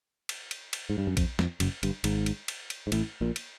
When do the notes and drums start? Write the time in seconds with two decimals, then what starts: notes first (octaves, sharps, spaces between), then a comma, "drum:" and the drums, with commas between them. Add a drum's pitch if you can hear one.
0.29 drum: cymbal
0.51 drum: cymbal
0.73 drum: cymbal
0.90 G#2
0.98 G2
1.07 F#2
1.17 F2, drum: kick A#1, cymbal
1.39 F2, drum: snare
1.60 F#1 F#2, drum: cymbal
1.83 G1 G2, drum: cymbal
2.04 G#1 G#2, drum: cymbal
2.26 drum: cymbal
2.48 drum: cymbal
2.70 drum: cymbal
2.87 G#2
2.92 A1 A2, drum: cymbal
3.21 A#1 A#2
3.36 drum: cymbal